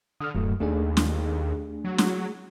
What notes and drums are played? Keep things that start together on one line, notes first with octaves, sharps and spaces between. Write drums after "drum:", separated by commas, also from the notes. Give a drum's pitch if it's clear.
D3 D#6 F6
D1 F#2 F#3 A3
D#2 A3 D4 G#4
drum: snare
F#3
drum: snare